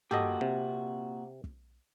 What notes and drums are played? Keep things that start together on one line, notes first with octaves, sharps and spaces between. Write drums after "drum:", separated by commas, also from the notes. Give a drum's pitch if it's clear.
A#2 F#4 G4 A4 D#5, drum: tom
C3
drum: kick